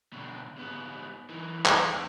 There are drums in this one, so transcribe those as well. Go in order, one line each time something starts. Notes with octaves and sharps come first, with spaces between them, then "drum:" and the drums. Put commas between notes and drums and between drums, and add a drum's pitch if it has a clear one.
B2 D3
G#2 B3
E3 D#4
D#3, drum: clap
F2 D#3